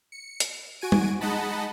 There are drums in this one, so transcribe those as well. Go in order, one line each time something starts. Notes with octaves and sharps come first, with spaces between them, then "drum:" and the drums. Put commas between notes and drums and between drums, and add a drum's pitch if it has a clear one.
C#7
drum: hi-hat
F#4 G#5 D7 D#7
drum: tom G3
G#3 D#4 D#5 F#5 A5 B5